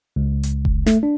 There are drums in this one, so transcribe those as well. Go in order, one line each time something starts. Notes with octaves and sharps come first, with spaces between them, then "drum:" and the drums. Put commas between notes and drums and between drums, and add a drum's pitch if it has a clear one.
C#2
drum: hi-hat
drum: kick F1
A3, drum: snare
D4